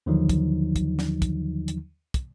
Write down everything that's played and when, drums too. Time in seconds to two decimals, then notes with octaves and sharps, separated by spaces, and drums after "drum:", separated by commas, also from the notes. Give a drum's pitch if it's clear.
0.06 D#2 D3 D#3 F3 F#3 D#4
0.29 drum: kick, hi-hat
0.76 drum: kick, hi-hat
0.99 drum: snare
1.22 drum: kick, hi-hat
1.68 drum: hi-hat
2.14 drum: kick, hi-hat